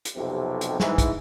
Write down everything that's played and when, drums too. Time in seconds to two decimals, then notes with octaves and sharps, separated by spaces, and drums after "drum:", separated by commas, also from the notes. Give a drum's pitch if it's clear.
0.05 drum: hi-hat
0.15 B1 F2 C3
0.61 drum: hi-hat
0.80 G#2 E3, drum: snare
0.98 drum: kick, hi-hat